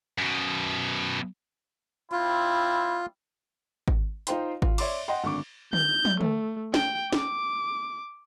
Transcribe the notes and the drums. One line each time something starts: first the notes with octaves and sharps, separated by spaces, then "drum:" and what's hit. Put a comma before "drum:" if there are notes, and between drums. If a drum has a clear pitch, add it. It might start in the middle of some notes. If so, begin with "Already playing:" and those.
F#2 B2
G3 C4 E4 F4
drum: kick G#1
D#4 F4 C5 G5 C6, drum: hi-hat
F4, drum: kick G#1
C#5 D5 E5 C6 D6, drum: cymbal
D#5 F#5 G5 C6
G#1 D3 C#6 D6
G6, drum: tom D3
drum: tom
A3, drum: tom D3
G5, drum: snare
D6, drum: snare